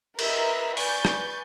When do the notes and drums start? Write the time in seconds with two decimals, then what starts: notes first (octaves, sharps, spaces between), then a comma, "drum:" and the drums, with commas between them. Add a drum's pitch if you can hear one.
0.19 A#4 B4 D#5 E5 A#5, drum: cymbal
0.77 B4 D5 G#5 C#6 G6 A6, drum: open hi-hat
1.05 drum: rim click